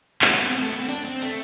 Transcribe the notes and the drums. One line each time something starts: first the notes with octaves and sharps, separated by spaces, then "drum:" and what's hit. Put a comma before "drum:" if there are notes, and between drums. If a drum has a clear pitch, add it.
G#3, drum: clap
A3
B3
C4
A3
B3
C4
D4, drum: hi-hat
C4
A3, drum: hi-hat